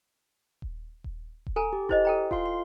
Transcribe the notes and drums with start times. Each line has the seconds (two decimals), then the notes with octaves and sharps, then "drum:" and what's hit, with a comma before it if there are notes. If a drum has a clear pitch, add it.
0.62 drum: kick D#1
1.04 drum: kick D#1
1.46 drum: kick D#1
1.56 A4 G#5 A#5
1.73 G4
1.89 E4 G4 C5 D#5, drum: kick D#1
2.05 A4 G5 A#5
2.31 F4 F5 C6, drum: kick D#1
2.46 C6